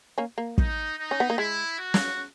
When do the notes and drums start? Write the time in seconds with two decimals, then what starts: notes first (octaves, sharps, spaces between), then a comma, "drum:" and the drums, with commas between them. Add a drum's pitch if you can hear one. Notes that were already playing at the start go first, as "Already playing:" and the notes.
0.18 A#3 C#4
0.38 A#3
0.58 D#4, drum: kick
0.98 D#4
1.11 C#4
1.20 B3
1.30 A#3
1.38 G#3 E4
1.78 F#4
1.94 drum: snare